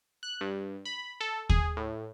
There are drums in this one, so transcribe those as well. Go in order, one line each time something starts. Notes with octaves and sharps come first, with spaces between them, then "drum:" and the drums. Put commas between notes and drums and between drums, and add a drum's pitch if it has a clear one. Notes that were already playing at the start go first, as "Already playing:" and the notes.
F#6
G2
B5
A4
G#4, drum: kick
A2